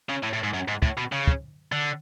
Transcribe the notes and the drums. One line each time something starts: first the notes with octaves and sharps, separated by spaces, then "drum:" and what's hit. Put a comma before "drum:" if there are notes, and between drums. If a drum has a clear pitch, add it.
C#3
A2
A2
G#2
F#2
G#2
A2, drum: kick
B2
C#3
drum: kick
D3